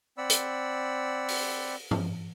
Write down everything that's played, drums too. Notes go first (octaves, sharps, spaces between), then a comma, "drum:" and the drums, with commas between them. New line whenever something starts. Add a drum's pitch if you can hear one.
C4 D5 F#5 B5 E6
drum: hi-hat
drum: open hi-hat
drum: tom G#2